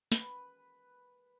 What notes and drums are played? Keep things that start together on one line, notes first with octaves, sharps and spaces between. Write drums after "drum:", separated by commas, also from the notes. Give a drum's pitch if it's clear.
B4, drum: snare